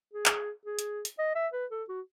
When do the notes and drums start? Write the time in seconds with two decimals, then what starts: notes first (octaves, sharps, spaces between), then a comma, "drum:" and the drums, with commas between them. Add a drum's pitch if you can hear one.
0.13 G#4
0.26 drum: clap
0.65 G#4
0.79 drum: hi-hat
1.05 drum: hi-hat
1.18 D#5
1.35 E5
1.53 B4
1.71 A4
1.88 F#4